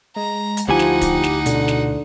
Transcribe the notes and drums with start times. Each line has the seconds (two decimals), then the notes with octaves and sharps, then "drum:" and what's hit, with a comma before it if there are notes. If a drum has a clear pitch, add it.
0.16 G#3 A#5
0.57 drum: hi-hat
0.69 D2 F3 D#4 E4 G4 F#5 G#5
0.79 drum: snare
1.01 drum: kick D1, hi-hat
1.23 drum: snare
1.46 B2 D3, drum: hi-hat
1.68 drum: snare